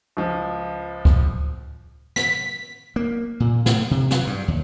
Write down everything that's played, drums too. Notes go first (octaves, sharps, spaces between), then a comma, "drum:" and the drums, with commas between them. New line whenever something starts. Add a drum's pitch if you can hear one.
C#2 F3
drum: kick C#2
B6, drum: snare
A#3
A#2
A2, drum: snare
C3
F#3, drum: snare
G2
D#2